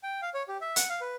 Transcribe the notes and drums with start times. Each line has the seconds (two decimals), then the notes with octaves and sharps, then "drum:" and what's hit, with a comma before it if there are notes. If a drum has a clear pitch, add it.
0.03 G5
0.22 F5
0.34 C#5
0.48 G4
0.61 E5
0.76 F#5, drum: hi-hat
0.90 F5
1.01 B4